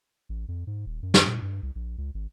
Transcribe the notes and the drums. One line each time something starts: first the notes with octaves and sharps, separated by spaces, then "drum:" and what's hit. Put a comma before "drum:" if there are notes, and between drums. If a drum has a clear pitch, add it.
A1
F2
G#2
D#1
F#2
drum: snare
A#2
G2
C2
A#1
C#2
G#1